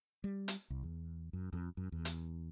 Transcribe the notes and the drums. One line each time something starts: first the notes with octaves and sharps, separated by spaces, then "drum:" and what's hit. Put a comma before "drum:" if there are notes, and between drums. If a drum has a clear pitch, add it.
G3
drum: hi-hat
C2
E2
F#2
F2
F#2
E2
drum: hi-hat